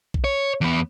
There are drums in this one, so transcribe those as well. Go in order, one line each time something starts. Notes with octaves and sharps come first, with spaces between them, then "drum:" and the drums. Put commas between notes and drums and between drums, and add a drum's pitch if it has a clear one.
drum: kick A#1
C#5
E2 B3